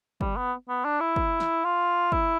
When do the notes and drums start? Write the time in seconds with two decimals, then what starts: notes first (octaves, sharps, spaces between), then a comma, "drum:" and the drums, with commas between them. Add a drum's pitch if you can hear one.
0.21 G3, drum: kick
0.37 B3
0.69 B3
0.85 D4
1.00 E4
1.16 drum: kick
1.40 drum: snare
1.64 F4
2.12 E4, drum: kick